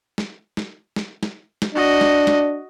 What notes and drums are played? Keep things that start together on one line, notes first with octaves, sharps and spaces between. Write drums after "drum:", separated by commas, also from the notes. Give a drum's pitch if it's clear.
drum: snare
drum: snare
drum: snare
drum: snare
drum: snare
D4 F#4 D#5
drum: snare
drum: snare